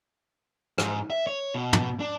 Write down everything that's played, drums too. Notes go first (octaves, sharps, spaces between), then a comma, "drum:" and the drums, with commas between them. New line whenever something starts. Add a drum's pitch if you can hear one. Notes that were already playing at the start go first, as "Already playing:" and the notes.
G#2, drum: rim click
E5
C#5
B2
drum: tom
D4